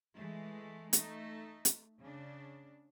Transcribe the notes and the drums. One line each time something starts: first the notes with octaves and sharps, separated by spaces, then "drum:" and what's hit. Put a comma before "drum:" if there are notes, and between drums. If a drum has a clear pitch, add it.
E3 G#3 A3
A3 D#4, drum: hi-hat
drum: hi-hat
C#3 D4